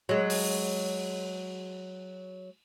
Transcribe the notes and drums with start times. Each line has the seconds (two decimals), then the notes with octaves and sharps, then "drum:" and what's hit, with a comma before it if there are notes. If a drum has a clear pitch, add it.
0.09 F#3 G#3
0.30 drum: open hi-hat